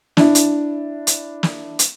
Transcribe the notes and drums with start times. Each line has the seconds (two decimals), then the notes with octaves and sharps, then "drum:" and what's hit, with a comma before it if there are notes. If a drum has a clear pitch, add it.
0.17 D4 E4, drum: snare
0.35 drum: hi-hat
1.07 drum: hi-hat
1.43 drum: snare
1.79 drum: hi-hat